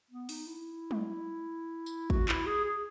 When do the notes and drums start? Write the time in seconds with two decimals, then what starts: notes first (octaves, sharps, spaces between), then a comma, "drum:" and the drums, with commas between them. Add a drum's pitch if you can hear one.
0.11 B3
0.29 D#4, drum: open hi-hat
0.47 E4
0.91 drum: tom
1.86 drum: tambourine
2.10 F#4, drum: kick
2.28 E4, drum: clap
2.46 G#4
2.64 G#4